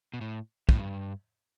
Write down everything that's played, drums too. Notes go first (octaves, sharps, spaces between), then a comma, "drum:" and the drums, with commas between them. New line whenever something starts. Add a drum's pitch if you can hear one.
B2
A2
A2, drum: kick
G2